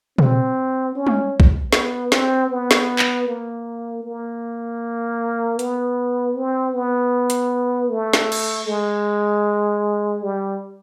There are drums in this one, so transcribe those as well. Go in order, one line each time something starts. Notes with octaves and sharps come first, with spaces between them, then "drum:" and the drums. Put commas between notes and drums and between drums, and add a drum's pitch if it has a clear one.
C4, drum: tom
C#4
drum: tom G3
drum: kick A#1
B3, drum: snare
C4, drum: snare
B3
drum: snare
drum: clap
A#3
A#3
B3, drum: hi-hat
C4
B3
drum: hi-hat
A3
drum: snare
drum: cymbal
G#3
G3